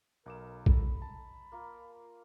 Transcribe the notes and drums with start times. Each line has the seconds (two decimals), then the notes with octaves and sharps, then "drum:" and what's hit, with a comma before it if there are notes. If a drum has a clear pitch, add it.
0.26 B1 A#4 D#5 A#5 D6 E7
0.66 A4 B5, drum: kick
1.02 A5
1.52 A#3 F4 A#4